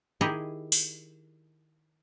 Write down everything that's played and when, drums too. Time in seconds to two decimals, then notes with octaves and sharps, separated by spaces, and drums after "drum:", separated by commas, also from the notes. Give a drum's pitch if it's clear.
0.21 D#3 E4 G4 G#4 D#5
0.72 drum: open hi-hat